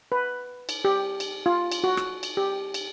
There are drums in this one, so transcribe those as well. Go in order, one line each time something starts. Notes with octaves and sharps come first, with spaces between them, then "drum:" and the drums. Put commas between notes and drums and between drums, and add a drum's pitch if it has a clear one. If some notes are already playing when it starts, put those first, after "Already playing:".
B4
drum: cymbal
G4
drum: cymbal
F4
drum: cymbal
F#4
drum: rim click
drum: cymbal
G4
drum: cymbal